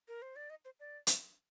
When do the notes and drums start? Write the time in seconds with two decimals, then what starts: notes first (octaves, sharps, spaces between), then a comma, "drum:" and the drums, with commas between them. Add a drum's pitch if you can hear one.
0.08 A#4
0.22 C5
0.36 D5
0.50 D#5
0.65 C5
0.80 D5
1.07 drum: hi-hat